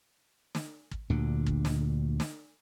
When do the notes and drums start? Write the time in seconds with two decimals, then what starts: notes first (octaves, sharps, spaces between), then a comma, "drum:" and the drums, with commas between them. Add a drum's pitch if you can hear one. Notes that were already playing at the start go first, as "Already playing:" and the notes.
0.55 drum: snare
0.91 drum: kick
1.10 D2 A#2 D3
1.46 drum: kick
1.65 drum: snare
2.20 drum: snare